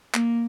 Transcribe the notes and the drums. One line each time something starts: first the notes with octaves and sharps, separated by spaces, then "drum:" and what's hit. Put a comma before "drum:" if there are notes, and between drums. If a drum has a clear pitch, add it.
A#3, drum: clap